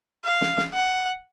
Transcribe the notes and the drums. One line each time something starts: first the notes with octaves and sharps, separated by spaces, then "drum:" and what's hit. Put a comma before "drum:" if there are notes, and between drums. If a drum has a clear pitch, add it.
F5
drum: snare
drum: snare
F#5